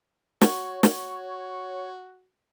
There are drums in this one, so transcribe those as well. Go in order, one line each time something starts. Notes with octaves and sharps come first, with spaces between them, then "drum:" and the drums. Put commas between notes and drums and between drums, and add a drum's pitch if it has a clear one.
F#4 C#5, drum: snare
F#4, drum: snare